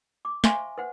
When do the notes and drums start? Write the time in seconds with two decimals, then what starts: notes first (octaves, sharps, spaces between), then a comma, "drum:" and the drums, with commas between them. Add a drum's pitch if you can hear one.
0.25 D6
0.44 C5 E5 F5 G#5 C6 C#6, drum: snare
0.78 B4 C5 F#5